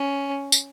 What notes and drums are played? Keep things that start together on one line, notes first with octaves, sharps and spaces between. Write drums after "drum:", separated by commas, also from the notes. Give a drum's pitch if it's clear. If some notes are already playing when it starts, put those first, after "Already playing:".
Already playing: C#4
drum: tambourine